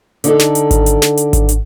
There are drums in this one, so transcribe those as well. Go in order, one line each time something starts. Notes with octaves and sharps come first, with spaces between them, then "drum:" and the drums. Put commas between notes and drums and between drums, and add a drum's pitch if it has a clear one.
D3 D#4 A4, drum: hi-hat
drum: snare
drum: hi-hat
drum: kick G#1, hi-hat
drum: hi-hat
drum: snare
drum: hi-hat
drum: kick G#1, hi-hat
drum: hi-hat